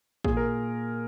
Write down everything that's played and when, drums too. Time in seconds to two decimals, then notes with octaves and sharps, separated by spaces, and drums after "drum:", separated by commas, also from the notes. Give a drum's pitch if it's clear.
0.24 A#2 G#4, drum: kick
0.37 A#4